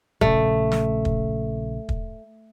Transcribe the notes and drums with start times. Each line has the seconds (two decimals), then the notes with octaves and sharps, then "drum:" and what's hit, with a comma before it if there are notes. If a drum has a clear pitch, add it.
0.21 A#1 C#3 A3, drum: kick
0.72 drum: snare
1.05 drum: kick
1.89 drum: kick